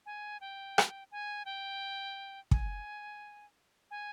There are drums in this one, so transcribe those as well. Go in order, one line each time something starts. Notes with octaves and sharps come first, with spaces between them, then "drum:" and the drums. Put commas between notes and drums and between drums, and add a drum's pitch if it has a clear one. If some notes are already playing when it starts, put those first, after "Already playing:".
G#5
G5
drum: rim click
G#5
G5
G#5, drum: kick
G#5